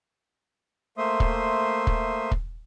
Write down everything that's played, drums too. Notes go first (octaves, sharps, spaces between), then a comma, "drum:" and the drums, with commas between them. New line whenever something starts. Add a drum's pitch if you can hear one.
A3 A#3 C5 E5 C6 D#6
drum: kick
drum: kick
drum: kick